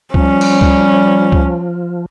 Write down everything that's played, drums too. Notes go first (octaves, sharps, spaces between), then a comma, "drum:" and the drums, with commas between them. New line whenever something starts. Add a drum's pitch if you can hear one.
F3 G3 C#4, drum: kick C#2
drum: cymbal
drum: kick C#2
drum: kick C#2